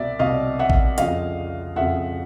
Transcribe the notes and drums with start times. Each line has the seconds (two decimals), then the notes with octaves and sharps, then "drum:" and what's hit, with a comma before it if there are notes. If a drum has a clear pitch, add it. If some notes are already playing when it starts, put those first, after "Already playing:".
Already playing: C2 B2 D5 E5
0.19 C2 B2 D#5 F5
0.59 E5 F#5
0.70 drum: kick A1
0.98 F2 C#3 F3 D#5 F5, drum: hi-hat
1.76 F2 C#3 F3 E5 F#5